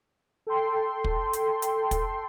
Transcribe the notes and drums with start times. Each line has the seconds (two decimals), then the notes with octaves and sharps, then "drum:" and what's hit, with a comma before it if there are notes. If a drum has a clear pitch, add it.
0.47 A4 G5 C6
1.04 drum: kick
1.33 drum: hi-hat
1.62 drum: hi-hat
1.91 drum: kick, hi-hat